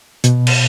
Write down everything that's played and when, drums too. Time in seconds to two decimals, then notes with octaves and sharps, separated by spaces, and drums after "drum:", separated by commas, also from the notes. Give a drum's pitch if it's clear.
0.24 B2, drum: hi-hat
0.47 drum: cymbal